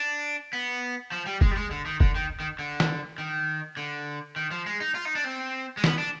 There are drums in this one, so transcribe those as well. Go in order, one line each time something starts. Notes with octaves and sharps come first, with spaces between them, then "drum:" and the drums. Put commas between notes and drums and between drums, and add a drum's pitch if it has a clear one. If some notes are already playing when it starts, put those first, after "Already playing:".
Already playing: D4
B3
F3
G3
G#3, drum: kick
G3
G#3
D3
D#3
D3, drum: kick
D#3
D#3
D3
drum: snare
D#3
D3
D#3
F3
G#3
D#4
F4
D#4
D4
C4
G#3
B3, drum: snare
D4